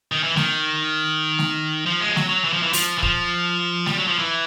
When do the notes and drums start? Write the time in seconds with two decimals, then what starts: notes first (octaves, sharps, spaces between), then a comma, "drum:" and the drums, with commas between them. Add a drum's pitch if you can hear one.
0.12 D#3
0.23 E3
0.36 D#3, drum: snare A3
1.38 drum: snare A3
1.86 F3
2.00 G#3
2.09 F3
2.16 F#3, drum: snare A3
2.29 F#3
2.44 E3
2.53 F3
2.63 E3
2.73 F3, drum: open hi-hat
2.98 E3
3.03 F3, drum: kick
3.86 G3, drum: snare A3
3.98 F#3
4.08 F3
4.19 E3